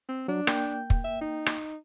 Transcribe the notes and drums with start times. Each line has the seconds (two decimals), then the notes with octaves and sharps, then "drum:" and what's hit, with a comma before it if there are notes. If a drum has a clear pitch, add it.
0.09 C4
0.28 F#3 D4
0.47 A#3 G5 G6, drum: rim click
0.90 drum: kick
1.04 E5
1.21 D#4
1.46 drum: rim click